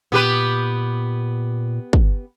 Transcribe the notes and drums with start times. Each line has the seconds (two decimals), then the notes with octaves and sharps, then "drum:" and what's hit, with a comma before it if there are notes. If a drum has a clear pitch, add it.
0.12 A#2 B3 G4 B4
1.93 drum: kick